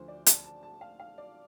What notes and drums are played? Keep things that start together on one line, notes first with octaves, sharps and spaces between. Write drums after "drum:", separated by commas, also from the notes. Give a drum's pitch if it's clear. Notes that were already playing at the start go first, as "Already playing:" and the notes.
Already playing: D2 D3 F3 C5
D5
A5, drum: hi-hat
A5
A5
F5
F5
D5